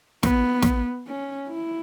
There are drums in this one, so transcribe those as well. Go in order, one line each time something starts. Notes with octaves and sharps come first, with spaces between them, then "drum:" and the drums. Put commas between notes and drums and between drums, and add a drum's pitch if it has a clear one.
B3, drum: snare
drum: snare
C#4
E4